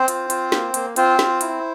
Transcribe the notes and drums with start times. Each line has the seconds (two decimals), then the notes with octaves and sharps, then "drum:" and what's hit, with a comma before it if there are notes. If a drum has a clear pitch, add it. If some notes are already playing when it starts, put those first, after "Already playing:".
Already playing: C4 C5
0.08 F4, drum: hi-hat
0.30 F4, drum: hi-hat
0.52 A#3, drum: snare
0.74 A#3, drum: hi-hat
0.96 C4 F4 C5, drum: hi-hat
1.19 F4, drum: snare
1.41 E4, drum: hi-hat